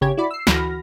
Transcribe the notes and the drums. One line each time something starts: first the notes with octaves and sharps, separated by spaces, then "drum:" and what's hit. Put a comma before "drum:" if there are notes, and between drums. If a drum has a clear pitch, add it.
G#1 C#3 G4 C#5 G#6
E4 F#4 D5 B5
E6 C7
D2 E3 F#4 B5 F6 A#6, drum: snare